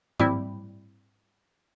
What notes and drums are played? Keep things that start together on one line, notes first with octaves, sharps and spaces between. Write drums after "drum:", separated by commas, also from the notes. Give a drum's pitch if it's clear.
G3 C4 E4, drum: tom G#2